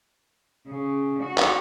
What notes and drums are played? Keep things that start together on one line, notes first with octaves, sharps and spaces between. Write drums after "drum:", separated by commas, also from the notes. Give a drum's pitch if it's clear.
C#3
F#4
drum: clap